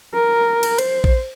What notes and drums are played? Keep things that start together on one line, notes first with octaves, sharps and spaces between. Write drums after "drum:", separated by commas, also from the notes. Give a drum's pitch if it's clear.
A#4
drum: cymbal
C5, drum: cymbal
drum: kick A#1